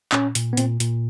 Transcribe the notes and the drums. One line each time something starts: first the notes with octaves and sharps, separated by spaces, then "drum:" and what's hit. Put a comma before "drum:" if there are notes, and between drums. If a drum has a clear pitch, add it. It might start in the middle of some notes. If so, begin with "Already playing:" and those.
A#2 C#4, drum: clap
A#2, drum: hi-hat
B3
A#2 C4, drum: hi-hat
A#2, drum: hi-hat